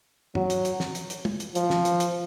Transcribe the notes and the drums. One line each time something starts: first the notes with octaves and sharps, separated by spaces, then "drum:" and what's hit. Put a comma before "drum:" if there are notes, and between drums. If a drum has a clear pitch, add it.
F#3, drum: tom
drum: hi-hat
drum: hi-hat
drum: snare
drum: hi-hat
drum: hi-hat
drum: tom
drum: hi-hat
F3, drum: hi-hat
drum: snare
drum: hi-hat
drum: hi-hat